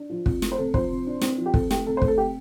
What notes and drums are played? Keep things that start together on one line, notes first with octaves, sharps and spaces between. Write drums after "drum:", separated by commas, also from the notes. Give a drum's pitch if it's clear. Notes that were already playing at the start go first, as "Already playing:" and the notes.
Already playing: D4
F3
F2, drum: kick
A3, drum: snare
C5
C3 A4
F3 C5, drum: kick
C3
D4
C4, drum: snare
F3
G4
F2 A4, drum: kick
A3 G4, drum: snare
C3 A4
C5
A3, drum: kick
A4
C3 G4